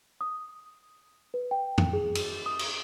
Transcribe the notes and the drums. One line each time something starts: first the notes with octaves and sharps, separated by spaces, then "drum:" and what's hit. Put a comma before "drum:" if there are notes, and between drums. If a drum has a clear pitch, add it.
D#6
B4
G5
drum: tom
G#4
drum: cymbal
D#6
drum: cymbal